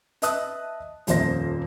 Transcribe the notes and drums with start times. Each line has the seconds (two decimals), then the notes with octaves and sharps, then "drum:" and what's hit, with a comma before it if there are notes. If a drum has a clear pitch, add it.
0.22 B4 D#5 E5 A5 D#6 F#6, drum: hi-hat
1.07 D#1 F2 A#3 C5 A#6, drum: hi-hat